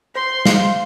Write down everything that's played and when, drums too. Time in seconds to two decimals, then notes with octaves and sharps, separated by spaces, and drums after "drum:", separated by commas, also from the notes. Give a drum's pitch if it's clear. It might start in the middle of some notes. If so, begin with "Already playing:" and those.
0.15 C5 C6
0.46 F5, drum: snare